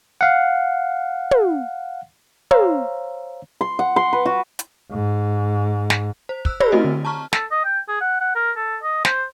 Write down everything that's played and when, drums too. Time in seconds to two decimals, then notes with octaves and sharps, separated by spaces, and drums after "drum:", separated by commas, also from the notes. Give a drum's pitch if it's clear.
0.21 F5 F#5
1.31 drum: tom
2.51 C5 C#5 F5 A#5 E6, drum: tom
3.61 C6
3.79 F#5
3.96 C6
4.13 B4
4.26 F#4
4.59 drum: hi-hat
4.91 G#2
5.90 drum: snare
6.29 C5
6.45 E6 F#6, drum: kick
6.60 G4 C5 D5 B5 E6 A#6, drum: tom
6.72 A3 C4 E4 F#4 A#4 D#5
6.85 D3
7.05 A5 A#5 C#6 F6
7.33 A4, drum: snare
7.51 D#5
7.65 G5
7.88 G#4
8.01 F#5
8.21 F#5
8.35 A#4
8.56 A4
8.83 D#5
9.05 C5, drum: snare